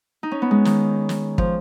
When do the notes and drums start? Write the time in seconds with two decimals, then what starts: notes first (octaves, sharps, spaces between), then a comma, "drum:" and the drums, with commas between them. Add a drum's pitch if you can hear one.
0.23 D#4
0.31 C#4
0.42 B3
0.51 G#3
0.65 D#3, drum: snare
1.09 drum: snare
1.38 F3, drum: kick